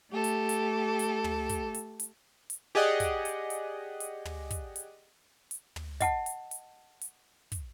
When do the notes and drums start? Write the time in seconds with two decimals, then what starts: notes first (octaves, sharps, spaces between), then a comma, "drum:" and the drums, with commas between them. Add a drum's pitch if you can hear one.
0.11 A3 G4 A4
0.24 drum: hi-hat
0.49 drum: hi-hat
0.99 drum: hi-hat
1.24 drum: tom
1.49 drum: kick, hi-hat
1.74 drum: hi-hat
2.00 drum: hi-hat
2.50 drum: hi-hat
2.75 G4 G#4 D5 D#5 F#5
3.00 drum: kick, hi-hat
3.25 drum: hi-hat
3.50 drum: hi-hat
4.00 drum: hi-hat
4.25 drum: tom
4.50 drum: kick, hi-hat
4.76 drum: hi-hat
5.51 drum: hi-hat
5.76 drum: tom
6.00 D#5 F#5 A5, drum: kick, hi-hat
6.26 drum: hi-hat
6.51 drum: hi-hat
7.01 drum: hi-hat
7.52 drum: kick, hi-hat